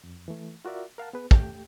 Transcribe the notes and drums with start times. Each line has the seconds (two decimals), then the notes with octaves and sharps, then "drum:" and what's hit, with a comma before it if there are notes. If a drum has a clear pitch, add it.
0.04 F2
0.28 E3 A3
0.65 F4 F#4 A#4 D5 E5
0.98 A#4 F5 F#5 A5
1.13 B3 G#4 B4
1.31 A3 G4 G5, drum: kick